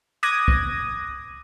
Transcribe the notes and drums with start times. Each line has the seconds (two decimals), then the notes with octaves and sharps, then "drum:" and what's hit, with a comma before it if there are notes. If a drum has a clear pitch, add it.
0.23 D6 D#6 F#6 G#6 A#6 D#7
0.48 drum: kick